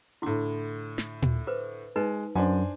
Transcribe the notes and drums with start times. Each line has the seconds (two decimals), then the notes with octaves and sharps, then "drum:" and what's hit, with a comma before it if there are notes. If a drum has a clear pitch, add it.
0.22 A2 D3 E4 C6 D6
0.98 drum: snare
1.22 drum: tom A#2
1.47 B4 C5 D6
1.96 G#3 D#4 B4
2.35 F#2 D4 C5 G#5